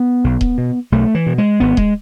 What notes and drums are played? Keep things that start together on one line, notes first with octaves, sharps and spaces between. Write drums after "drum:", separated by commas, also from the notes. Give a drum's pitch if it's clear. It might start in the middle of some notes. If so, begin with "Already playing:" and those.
Already playing: B3
B1
drum: kick D#1
B2
B1 A3
E3
B2
G#3
G#1 B3
G#3, drum: kick D#1